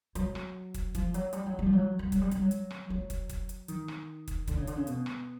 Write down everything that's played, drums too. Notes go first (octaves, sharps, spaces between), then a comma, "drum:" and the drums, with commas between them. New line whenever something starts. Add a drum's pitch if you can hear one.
F#3, drum: hi-hat
drum: rim click
drum: kick, hi-hat
F3, drum: kick, hi-hat
F#3, drum: hi-hat
G3, drum: hi-hat
F#3
G3
F3
F#3
G3
F#3, drum: kick, hi-hat
G3
G3, drum: hi-hat
F#3
drum: hi-hat
drum: rim click
F#3
drum: kick, hi-hat
drum: kick, hi-hat
drum: hi-hat
D#3, drum: hi-hat
drum: rim click
drum: kick, hi-hat
D3, drum: kick, hi-hat
C#3
D3, drum: hi-hat
C#3
B2, drum: hi-hat
drum: rim click